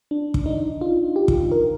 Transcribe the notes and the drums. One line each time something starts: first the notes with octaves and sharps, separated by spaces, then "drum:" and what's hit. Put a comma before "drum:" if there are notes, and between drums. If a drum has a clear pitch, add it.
D4
drum: kick
D#4
F4
G4
drum: kick
A#4